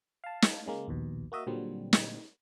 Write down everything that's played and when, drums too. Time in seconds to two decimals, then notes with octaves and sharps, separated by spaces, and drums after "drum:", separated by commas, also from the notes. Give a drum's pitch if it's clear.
0.24 F5 A5
0.42 drum: snare
0.66 C#3 G#3 A#3
0.88 A#1 D#2 B2
1.32 A#3 F#4 D#5 E5
1.47 A#2 D3 F#3 G3 C4
1.93 drum: snare